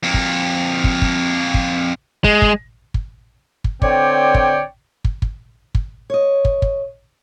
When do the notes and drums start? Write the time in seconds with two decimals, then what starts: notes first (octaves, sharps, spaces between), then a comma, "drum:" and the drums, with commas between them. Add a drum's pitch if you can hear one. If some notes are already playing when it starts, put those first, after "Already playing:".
0.03 F2 A#3
0.14 drum: kick
0.84 drum: kick
1.02 drum: kick
1.54 drum: kick
2.24 G#3, drum: kick
2.42 drum: kick
2.94 drum: kick
3.64 drum: kick
3.82 D3 C4 C#5 D5 G5, drum: kick
4.34 drum: kick
5.05 drum: kick
5.22 drum: kick
5.75 drum: kick
6.10 C#5 D#5
6.45 drum: kick
6.62 drum: kick